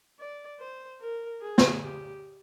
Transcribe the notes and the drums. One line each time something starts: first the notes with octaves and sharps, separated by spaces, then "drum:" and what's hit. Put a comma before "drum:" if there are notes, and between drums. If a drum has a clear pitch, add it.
D5
C5
A#4
G#4
drum: snare
G4